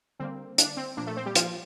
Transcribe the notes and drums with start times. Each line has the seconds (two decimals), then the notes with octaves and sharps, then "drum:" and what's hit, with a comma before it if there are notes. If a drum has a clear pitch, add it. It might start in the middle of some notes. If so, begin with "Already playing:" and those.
0.19 D3 G3 A#3 C4
0.58 D4, drum: hi-hat
0.77 C4
0.97 A#2 F3 A#3 D4
1.07 A3 A4
1.16 C4 C5
1.26 G3 G4
1.35 F3 F4, drum: hi-hat